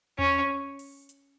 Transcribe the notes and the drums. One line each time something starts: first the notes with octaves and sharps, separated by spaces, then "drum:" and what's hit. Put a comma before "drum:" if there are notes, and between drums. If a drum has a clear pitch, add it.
C#4, drum: tom E2
drum: open hi-hat
drum: hi-hat